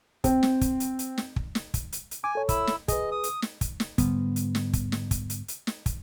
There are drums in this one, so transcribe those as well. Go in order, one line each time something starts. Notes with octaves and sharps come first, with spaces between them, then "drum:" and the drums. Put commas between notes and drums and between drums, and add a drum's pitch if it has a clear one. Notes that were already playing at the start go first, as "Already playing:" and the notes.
C4, drum: kick, hi-hat
drum: snare
drum: kick, hi-hat
drum: hi-hat
drum: hi-hat
drum: snare
drum: kick
drum: snare
drum: kick, hi-hat
drum: hi-hat
drum: hi-hat
G#5 D6
A4 C#5
E4 E6, drum: kick, hi-hat
drum: snare
G#4 B4 D#5, drum: kick, hi-hat
D#6
drum: hi-hat
drum: snare
drum: kick, hi-hat
drum: snare
G#2 D3 G3 B3, drum: kick, hi-hat
drum: hi-hat
drum: snare
drum: kick, hi-hat
drum: snare
drum: kick, hi-hat
drum: hi-hat
drum: hi-hat
drum: snare
drum: kick, hi-hat